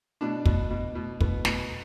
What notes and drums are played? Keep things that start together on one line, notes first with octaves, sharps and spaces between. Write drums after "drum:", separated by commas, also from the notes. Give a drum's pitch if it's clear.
B2 D4
B2, drum: kick
B2
B2
B2 B3, drum: kick
B2, drum: snare